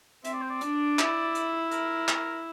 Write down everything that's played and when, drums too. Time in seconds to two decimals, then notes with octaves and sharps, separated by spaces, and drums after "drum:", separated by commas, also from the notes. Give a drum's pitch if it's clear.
0.24 C4 E5, drum: hi-hat
0.33 D5
0.42 C5
0.50 D5
0.61 D4, drum: hi-hat
0.99 E4, drum: clap
1.35 drum: hi-hat
1.71 A#4, drum: hi-hat
2.08 drum: clap